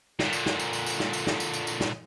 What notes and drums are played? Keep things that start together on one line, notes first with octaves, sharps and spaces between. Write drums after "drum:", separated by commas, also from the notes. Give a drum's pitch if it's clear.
A#2 D3, drum: snare
drum: tambourine
drum: snare
drum: tambourine
drum: tambourine
drum: tambourine
drum: snare
drum: tambourine
drum: snare
drum: tambourine
drum: tambourine
drum: tambourine
drum: snare